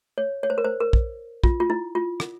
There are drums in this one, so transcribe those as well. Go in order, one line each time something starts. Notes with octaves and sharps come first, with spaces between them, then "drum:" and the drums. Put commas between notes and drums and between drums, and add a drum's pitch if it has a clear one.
C#5
C#5
C5
A#4
C5
A#4
drum: kick
F4, drum: kick
F4
E4
F4
drum: rim click